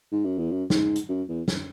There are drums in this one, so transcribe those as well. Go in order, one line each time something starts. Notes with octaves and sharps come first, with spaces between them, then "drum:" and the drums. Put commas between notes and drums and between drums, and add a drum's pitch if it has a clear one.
G#2
F#2
E2
F#2
G#2, drum: snare
drum: hi-hat
F#2
E2
drum: snare